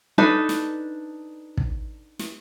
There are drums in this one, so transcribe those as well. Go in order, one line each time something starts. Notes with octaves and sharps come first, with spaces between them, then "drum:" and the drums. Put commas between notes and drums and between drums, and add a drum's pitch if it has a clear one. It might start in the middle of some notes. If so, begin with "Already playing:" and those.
D4 D#4 A4 B4
drum: snare
drum: kick
drum: snare